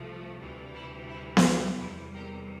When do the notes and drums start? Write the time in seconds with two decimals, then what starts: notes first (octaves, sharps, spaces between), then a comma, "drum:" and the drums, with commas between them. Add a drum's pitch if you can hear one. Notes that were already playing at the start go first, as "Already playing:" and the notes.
Already playing: C2 C3 F3 A3
0.39 D2 C3 E3 G3
0.74 E4
1.08 E4
1.37 drum: snare B3
1.78 E2 C3 G3 E4 G4
2.14 G4 A#4